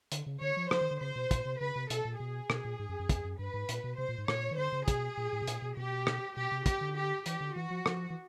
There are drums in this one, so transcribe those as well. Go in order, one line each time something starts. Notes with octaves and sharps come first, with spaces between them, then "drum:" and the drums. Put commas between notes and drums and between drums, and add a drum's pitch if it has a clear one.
D3, drum: hi-hat
C#3
D3 C#5
F3
F3 C5, drum: rim click
D#3
D3
C#3 C5
B2
A#2, drum: kick, hi-hat
C3
C#3 B4
C3
B2 A4, drum: hi-hat
A#2
B2 G#4
B2, drum: rim click
A#2
G#2
F#2
F#2
F2, drum: kick, hi-hat
F#2
G2 B4
G#2
A#2, drum: hi-hat
B2
C3 C5
A#2
G#2
A#2 C#5, drum: rim click
D#3
D3 C5
C#3
B2 G#4, drum: kick, hi-hat
A#2
A2
B2
A#2, drum: hi-hat
B2
B2 G4
drum: rim click
B2 G4
C3
G4, drum: kick, hi-hat
D3
G4
E3 G4, drum: hi-hat
D3
E3 F#4
F3
F3, drum: rim click
E3